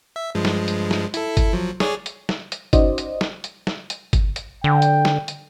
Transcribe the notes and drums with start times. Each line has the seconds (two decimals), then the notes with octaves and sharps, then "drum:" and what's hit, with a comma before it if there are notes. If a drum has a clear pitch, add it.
0.16 E5
0.35 G2 F3 G#3
0.45 drum: snare
0.68 drum: hi-hat
0.91 drum: snare
1.14 E4 A4, drum: hi-hat
1.37 drum: kick G1, hi-hat
1.53 F3 F#3
1.80 G#4 C#5 D5, drum: snare
2.06 drum: hi-hat
2.29 drum: snare
2.52 drum: hi-hat
2.73 C#4 D#4 F#4 C5 D5 D#5, drum: kick G1, hi-hat
2.98 drum: hi-hat
3.21 drum: snare
3.44 drum: hi-hat
3.67 drum: snare
3.90 drum: hi-hat
4.13 drum: kick G1, hi-hat
4.36 drum: hi-hat
4.64 D3 G5
4.82 drum: hi-hat
5.05 drum: snare
5.28 drum: hi-hat